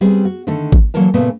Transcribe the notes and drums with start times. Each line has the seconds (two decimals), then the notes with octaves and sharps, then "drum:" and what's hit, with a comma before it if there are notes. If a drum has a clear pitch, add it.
0.01 G3 B3 C4 G#4
0.25 F#4
0.47 D3 D#3 A3 A4
0.72 drum: kick G#1
0.94 E3 F#3 A#3 A4 A#4 A5
1.14 A#2 C#3 A3 B3